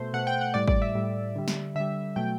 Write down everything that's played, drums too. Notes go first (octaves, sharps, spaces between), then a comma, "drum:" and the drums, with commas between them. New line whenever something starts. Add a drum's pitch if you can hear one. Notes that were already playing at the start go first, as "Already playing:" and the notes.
Already playing: B2 A3 C5
B2 A3 F#5
G5
F#5
A2 G3 D5
D5, drum: kick
E5
A2 G3
D3 G3
drum: snare
D3 G3 E5
B2 F#3 A3 G5